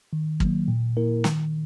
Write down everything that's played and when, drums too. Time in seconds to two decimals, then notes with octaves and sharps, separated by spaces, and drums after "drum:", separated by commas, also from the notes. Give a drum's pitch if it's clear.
0.13 D#3
0.40 F#3 A#3, drum: kick
0.68 A#2
0.97 A#3 E4 A#4
1.24 D#3, drum: snare